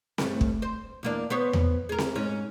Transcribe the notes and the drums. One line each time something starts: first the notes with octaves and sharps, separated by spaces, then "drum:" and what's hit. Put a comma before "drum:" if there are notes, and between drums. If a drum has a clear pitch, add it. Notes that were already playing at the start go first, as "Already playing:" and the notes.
G2 A3, drum: snare C4
drum: kick
C5
E2 A#3 D4
B3 C5 C#5
drum: tom E2
G#4 A#4
drum: snare C4
G#2 C#4